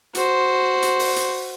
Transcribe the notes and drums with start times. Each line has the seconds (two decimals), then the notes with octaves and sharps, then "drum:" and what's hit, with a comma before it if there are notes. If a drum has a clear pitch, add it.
0.15 F#4 C5, drum: hi-hat
0.82 drum: hi-hat
0.99 drum: open hi-hat
1.16 drum: hi-hat